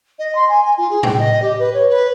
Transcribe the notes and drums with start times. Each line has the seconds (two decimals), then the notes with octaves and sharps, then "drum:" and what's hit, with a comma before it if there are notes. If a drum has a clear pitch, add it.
0.18 D#5
0.34 C6
0.48 G#5
0.64 G#5
0.77 F4
0.89 G#4
1.03 G5, drum: tom A2
1.18 D#5
1.42 G4
1.58 B4
1.73 C#5
1.89 B4